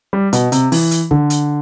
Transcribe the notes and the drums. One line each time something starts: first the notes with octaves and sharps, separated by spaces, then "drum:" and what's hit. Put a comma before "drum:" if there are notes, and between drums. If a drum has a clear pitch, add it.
G3
B2, drum: hi-hat
C3, drum: hi-hat
E3, drum: open hi-hat
drum: hi-hat
D3, drum: kick
drum: hi-hat